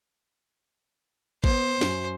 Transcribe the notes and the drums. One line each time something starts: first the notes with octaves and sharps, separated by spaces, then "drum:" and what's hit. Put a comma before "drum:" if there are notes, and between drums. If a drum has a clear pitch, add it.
B3 C5, drum: kick G#1
F#2, drum: snare